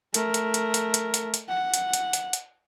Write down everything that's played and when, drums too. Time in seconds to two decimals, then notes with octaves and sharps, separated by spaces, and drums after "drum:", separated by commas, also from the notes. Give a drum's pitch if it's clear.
0.14 A3 A#4, drum: hi-hat
0.34 drum: hi-hat
0.54 drum: hi-hat
0.74 drum: hi-hat
0.94 drum: hi-hat
1.14 drum: hi-hat
1.34 drum: hi-hat
1.48 F#5
1.74 drum: hi-hat
1.93 drum: hi-hat
2.13 drum: hi-hat
2.33 drum: hi-hat